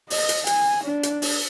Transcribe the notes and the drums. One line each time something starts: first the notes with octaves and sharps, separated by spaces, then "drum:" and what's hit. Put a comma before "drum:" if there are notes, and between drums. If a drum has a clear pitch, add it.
D#5, drum: open hi-hat
drum: hi-hat
G#5, drum: hi-hat
D4
drum: hi-hat
drum: open hi-hat